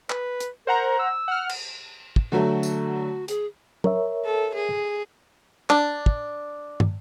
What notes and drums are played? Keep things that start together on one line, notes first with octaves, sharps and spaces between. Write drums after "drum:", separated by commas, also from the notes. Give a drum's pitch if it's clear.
B4, drum: clap
drum: hi-hat
A#4 C5 F#5 A#5
E6
F#5 F6
drum: cymbal
drum: kick
D3 F#3 A3 F#4
drum: tambourine
G#4, drum: hi-hat
A#4 C#5 E5, drum: tom F#3
A4
G#4
D4, drum: clap
drum: kick
drum: tom